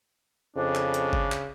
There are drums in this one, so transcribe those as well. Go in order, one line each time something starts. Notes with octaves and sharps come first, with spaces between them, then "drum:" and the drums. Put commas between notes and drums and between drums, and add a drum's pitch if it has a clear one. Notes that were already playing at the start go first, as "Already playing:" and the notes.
F2 C#3 D4
drum: clap
drum: hi-hat
drum: kick G1
drum: clap